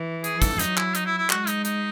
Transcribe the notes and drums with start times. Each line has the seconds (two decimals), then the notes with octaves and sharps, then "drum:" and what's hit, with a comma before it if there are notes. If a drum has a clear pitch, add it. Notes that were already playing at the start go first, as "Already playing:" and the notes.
Already playing: E3
0.24 G#4, drum: hi-hat
0.42 A4, drum: kick, hi-hat
0.59 F#3 D#4, drum: hi-hat
0.77 E4, drum: clap
0.95 D#4, drum: hi-hat
1.06 E4
1.18 E4
1.30 G#3 F#4, drum: clap
1.47 D#4, drum: hi-hat
1.65 D#4, drum: hi-hat